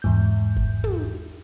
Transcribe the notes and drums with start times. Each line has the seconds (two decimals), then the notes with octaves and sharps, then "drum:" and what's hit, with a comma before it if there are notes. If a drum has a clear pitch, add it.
0.02 E2 G#2 G6
0.57 drum: kick F#1
0.84 drum: tom